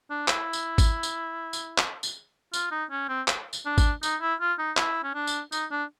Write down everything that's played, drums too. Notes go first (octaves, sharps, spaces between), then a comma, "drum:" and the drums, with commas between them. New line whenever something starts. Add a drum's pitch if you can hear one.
D4
E4, drum: clap
drum: tambourine
drum: kick G#1, tambourine
drum: tambourine
drum: tambourine
drum: clap
drum: tambourine
F4, drum: tambourine
D#4
C#4
C4
drum: clap
drum: tambourine
D4
drum: kick G#1, tambourine
D#4, drum: tambourine
E4
F4
D#4
E4, drum: clap
C#4
D4
drum: tambourine
D#4, drum: tambourine
D4